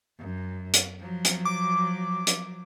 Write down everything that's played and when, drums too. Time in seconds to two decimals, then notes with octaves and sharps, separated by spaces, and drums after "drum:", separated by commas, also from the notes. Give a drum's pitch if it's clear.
0.19 F#2
0.73 drum: hi-hat
0.99 F3 F#3
1.25 drum: hi-hat
1.45 D6
2.27 drum: hi-hat